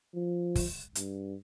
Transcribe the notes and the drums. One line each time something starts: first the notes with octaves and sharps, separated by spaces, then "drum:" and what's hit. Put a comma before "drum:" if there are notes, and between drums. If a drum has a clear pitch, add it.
F3
drum: kick, open hi-hat
G2, drum: hi-hat